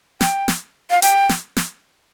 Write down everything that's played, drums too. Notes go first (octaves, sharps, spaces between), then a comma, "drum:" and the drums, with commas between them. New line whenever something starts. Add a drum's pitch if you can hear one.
G5, drum: snare
drum: snare
F5
G5, drum: hi-hat
drum: snare
drum: snare